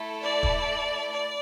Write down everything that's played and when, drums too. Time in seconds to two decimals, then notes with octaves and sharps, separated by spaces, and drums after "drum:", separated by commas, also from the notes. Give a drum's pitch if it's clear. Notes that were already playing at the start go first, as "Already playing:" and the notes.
Already playing: A3 E4 A4
0.20 D5
0.43 drum: kick
1.12 D5